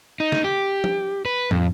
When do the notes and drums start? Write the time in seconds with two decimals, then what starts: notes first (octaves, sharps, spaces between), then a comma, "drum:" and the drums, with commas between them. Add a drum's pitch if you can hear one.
0.20 D#4
0.32 drum: snare
0.44 G4
0.84 drum: tom
1.25 B4
1.51 F2, drum: tom